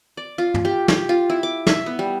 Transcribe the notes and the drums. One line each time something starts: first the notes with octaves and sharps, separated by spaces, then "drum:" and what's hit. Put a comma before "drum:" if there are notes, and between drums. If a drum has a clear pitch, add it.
D5
F4
drum: tom
G4
G4, drum: snare
F4
E4
D6
E5, drum: snare
B3
G3